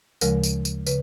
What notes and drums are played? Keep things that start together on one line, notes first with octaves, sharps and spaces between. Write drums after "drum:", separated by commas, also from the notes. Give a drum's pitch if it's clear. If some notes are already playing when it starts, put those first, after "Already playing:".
D2 C#3 F3 G#3 A#4, drum: tambourine
drum: tambourine
drum: tambourine
C#3 B4, drum: tambourine